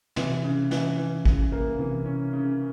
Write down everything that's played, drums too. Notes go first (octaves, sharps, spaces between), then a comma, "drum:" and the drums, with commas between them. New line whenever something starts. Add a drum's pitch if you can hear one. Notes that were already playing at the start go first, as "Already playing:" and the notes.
C3 E3, drum: snare
C#3
E3, drum: snare
E3
C#3, drum: kick
A#3
C3 E3
C#4
C#3